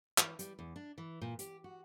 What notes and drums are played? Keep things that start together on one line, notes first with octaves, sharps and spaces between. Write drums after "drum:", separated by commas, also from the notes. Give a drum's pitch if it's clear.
E3, drum: clap
G3, drum: hi-hat
E2
D4
E3
A#2
G4, drum: hi-hat
F#4